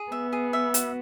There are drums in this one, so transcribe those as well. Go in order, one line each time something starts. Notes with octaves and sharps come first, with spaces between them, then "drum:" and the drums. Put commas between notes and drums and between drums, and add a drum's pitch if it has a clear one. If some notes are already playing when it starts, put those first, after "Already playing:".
Already playing: G#4
B3 E5
G#4
E5
F#4, drum: hi-hat